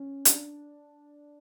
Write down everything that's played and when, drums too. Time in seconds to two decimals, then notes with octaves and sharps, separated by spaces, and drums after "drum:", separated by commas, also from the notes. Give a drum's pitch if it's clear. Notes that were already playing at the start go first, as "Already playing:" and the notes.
Already playing: C#4
0.25 D4, drum: hi-hat